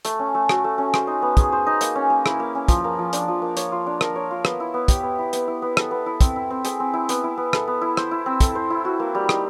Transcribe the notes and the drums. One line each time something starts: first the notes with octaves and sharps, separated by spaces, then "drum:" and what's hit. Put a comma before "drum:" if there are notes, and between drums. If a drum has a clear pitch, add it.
A3, drum: hi-hat
C#4
A3
F#4, drum: rim click
A3
C#4
C5, drum: rim click
D#4
B3
G#4, drum: kick, hi-hat
C5
D#4
A#3, drum: hi-hat
C#4
A#3
E4, drum: rim click
A#3
C#4
F3, drum: kick, hi-hat
A#3
F3
D4, drum: hi-hat
F3
A#3
C#5, drum: hi-hat
F4
D4
A#4, drum: rim click
C#5
F4
B3, drum: rim click
E4
B3
G4, drum: kick, hi-hat
B3
E4
B3, drum: hi-hat
E4
B3
A4, drum: rim click
B3
E4
C4, drum: kick, hi-hat
E4
C4
G#4, drum: hi-hat
C4
E4
B3, drum: hi-hat
E4
B3
A4, drum: rim click
B3
E4
C5, drum: rim click
E4
C4
A4, drum: kick, hi-hat
C5
E4
F#4
A#3
G3
D#4, drum: rim click